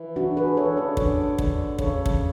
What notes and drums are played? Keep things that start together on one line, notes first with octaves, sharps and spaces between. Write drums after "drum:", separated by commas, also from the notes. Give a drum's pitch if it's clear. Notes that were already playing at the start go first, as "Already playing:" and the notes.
Already playing: E3
D4 F#4
G#4 B4
E3 A4 C#5
D3
C#3 B4 D5
D3
A4 C#5, drum: kick
D3, drum: kick
C#3 A4 C#5, drum: kick
drum: kick